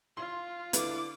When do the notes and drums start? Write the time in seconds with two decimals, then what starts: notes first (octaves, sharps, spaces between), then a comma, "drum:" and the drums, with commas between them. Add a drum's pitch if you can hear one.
0.17 F4 C6
0.73 D3 E4 B4 D6, drum: hi-hat